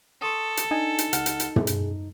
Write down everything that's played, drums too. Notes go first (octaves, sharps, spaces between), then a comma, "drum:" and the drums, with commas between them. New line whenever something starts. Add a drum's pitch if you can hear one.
A4 C6 C#6 D#6
drum: hi-hat
D4 D#4 G#5
drum: hi-hat
C#2 F#5 F6, drum: hi-hat
drum: hi-hat
drum: hi-hat
B2 G#4, drum: tom
drum: hi-hat